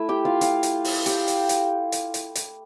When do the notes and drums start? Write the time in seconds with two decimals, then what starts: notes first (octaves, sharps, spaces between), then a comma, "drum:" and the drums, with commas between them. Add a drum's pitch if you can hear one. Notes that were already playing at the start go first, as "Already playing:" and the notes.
Already playing: A3 E4 E5
0.09 G4 G5
0.25 F4 F5
0.41 F4 F5, drum: hi-hat
0.63 drum: hi-hat
0.84 drum: open hi-hat
1.06 G4 G5, drum: hi-hat
1.28 drum: hi-hat
1.49 drum: hi-hat
1.92 drum: hi-hat
2.14 drum: hi-hat
2.35 drum: hi-hat